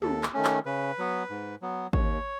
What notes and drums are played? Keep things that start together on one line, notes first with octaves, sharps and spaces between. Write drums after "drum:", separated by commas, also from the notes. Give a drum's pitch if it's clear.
D#2 A4, drum: tom
drum: clap
D#3 A3 C#4
drum: clap
C#3 B4
F#3 B3
G#2
F#3 B3
D#2 C#5, drum: kick G#1